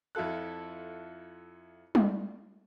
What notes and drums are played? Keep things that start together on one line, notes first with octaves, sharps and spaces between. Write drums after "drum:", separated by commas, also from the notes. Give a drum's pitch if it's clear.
F2 E4 F4 A4 F#6
drum: tom G3